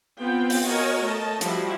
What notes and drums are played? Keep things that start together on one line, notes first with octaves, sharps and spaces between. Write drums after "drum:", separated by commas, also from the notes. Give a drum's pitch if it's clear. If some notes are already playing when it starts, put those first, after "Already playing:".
B3 C4 F4 G5
drum: open hi-hat
F#4 A#4 C#5 D#5 G#5
A3 D#5 A5
F3 G3 E4 F#4, drum: hi-hat